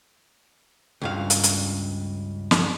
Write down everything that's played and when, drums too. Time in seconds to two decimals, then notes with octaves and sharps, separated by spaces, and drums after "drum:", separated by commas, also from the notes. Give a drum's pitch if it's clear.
1.02 C#2 G2 F5
1.30 drum: hi-hat
1.43 drum: hi-hat
2.51 drum: snare